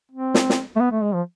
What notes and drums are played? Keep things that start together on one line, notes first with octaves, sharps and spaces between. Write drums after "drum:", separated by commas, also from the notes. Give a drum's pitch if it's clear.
C4
drum: snare
drum: snare
A3
B3
A3
G#3
F3